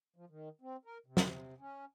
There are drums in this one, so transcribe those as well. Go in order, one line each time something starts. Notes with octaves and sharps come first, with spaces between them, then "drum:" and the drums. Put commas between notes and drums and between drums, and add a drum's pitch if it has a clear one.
F3
D#3
C4
A#4
C3
drum: snare
C#4